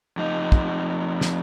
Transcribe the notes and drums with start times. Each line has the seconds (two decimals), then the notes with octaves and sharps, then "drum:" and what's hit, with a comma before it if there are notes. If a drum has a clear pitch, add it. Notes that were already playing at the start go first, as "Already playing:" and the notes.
0.17 F2 D#4
0.52 drum: kick
1.21 drum: snare